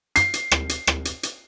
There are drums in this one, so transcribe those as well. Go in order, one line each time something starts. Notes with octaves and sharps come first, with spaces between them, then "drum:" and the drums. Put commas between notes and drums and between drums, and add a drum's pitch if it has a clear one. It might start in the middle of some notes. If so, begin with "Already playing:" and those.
C7, drum: hi-hat
drum: hi-hat
drum: rim click
drum: hi-hat
drum: rim click
drum: hi-hat
drum: hi-hat